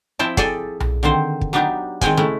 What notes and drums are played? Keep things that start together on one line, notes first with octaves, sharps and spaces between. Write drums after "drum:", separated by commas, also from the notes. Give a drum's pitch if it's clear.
F3 C4 E4 G5 A5
G#4 A4 D5 G5 G#5, drum: kick, hi-hat
drum: tom B1
D3 D#3 C4 C5
drum: kick
F#3 B3 D4 D#4 G4
D#3 G#3 C4 G5 G#5, drum: kick, hi-hat
C#3 G#3 A3 E4